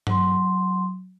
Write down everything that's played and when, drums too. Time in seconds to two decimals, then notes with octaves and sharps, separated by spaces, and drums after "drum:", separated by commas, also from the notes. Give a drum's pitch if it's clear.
0.07 F#3 C6, drum: tom G2